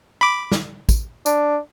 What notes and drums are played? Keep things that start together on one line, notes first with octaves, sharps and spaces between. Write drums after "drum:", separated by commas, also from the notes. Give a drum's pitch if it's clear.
B5 D6
drum: snare
drum: kick, tambourine
D4, drum: tambourine